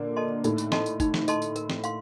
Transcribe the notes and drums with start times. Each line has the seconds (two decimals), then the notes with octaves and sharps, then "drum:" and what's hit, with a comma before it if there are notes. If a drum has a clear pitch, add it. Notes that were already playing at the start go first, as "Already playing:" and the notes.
Already playing: A#2 D3 A#3 D4
0.16 A4 D#5 A5 C6
0.44 A2 A3 D#4, drum: tambourine
0.58 drum: tambourine
0.72 A4 D#5 A5 C6, drum: snare
0.86 drum: tambourine
1.00 D#4, drum: kick, tambourine
1.14 drum: snare
1.28 A4 D#5 A5 C6, drum: tambourine
1.42 drum: tambourine
1.56 A#4, drum: tambourine
1.70 drum: snare
1.84 F5 C6, drum: tambourine